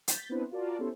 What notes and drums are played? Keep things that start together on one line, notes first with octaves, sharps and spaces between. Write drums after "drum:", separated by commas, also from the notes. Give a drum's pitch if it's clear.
G6 A6 B6, drum: hi-hat
B3 C4 D4 E4 B4 C5
F4 F#4 A#4 D5 A5
B3 C#4 E4 G4 A4 C5